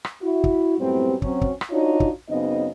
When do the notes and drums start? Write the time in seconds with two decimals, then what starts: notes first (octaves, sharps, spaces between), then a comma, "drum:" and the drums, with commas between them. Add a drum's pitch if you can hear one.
0.05 drum: rim click
0.22 E4 F#4
0.44 drum: kick
0.78 F#2 A2 G3 B3 C4
1.22 F#3 C4 C#4, drum: kick
1.41 drum: kick
1.61 drum: rim click
1.71 D4 D#4 F4 F#4 C#5
2.00 drum: kick
2.29 F#2 C#3 B3 C4 D#4 D#5